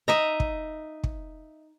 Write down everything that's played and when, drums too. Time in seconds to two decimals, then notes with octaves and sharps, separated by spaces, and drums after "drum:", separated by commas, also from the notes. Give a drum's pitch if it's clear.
0.08 D#4 D#5 E5 A#5
0.40 drum: kick
1.04 drum: kick